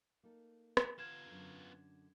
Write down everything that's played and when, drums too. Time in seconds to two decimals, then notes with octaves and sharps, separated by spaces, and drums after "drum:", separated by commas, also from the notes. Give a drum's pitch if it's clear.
0.23 A#3 D#4 A4
0.77 drum: rim click
0.98 B3 F4 G#6 E7
1.26 F#2 D3